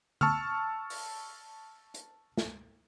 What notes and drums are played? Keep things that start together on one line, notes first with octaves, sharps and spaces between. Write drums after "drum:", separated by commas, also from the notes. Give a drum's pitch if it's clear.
A5 C#6 E6 F6, drum: tom D3
drum: open hi-hat
drum: hi-hat
drum: snare